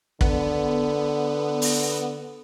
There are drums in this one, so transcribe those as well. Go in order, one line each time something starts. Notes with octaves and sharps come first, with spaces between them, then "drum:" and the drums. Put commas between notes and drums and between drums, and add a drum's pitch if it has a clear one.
D3 B3, drum: kick
drum: open hi-hat